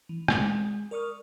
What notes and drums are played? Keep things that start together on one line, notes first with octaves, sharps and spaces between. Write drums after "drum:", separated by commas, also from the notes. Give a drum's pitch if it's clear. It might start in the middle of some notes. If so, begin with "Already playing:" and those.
E3
G#3, drum: rim click
A#4 D5 C#6 D#6 F6